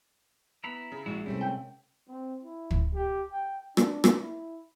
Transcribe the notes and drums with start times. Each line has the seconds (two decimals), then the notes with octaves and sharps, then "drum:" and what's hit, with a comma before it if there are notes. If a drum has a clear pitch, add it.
0.64 B3 E4 A#5 B5
0.92 C#3
1.06 A#1 G#3 E4 F#4
1.26 C3 G3 A3 C4 C#4 E4
1.41 A#4 G5
2.08 C4
2.43 E4
2.71 drum: kick
2.95 G4
3.31 G5
3.77 D4, drum: rim click
4.04 drum: rim click
4.20 E4